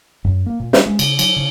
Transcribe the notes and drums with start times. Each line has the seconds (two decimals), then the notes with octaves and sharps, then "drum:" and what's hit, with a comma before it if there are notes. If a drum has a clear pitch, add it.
0.24 F#2
0.46 A#3
0.60 A#2
0.73 G3, drum: snare
0.86 G#3
0.99 C#3, drum: cymbal
1.19 F#3, drum: cymbal
1.36 C#3